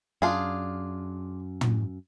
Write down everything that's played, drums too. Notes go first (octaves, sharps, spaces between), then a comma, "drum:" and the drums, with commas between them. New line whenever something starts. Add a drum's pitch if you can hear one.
F#2 D4 F4 G#4
drum: tom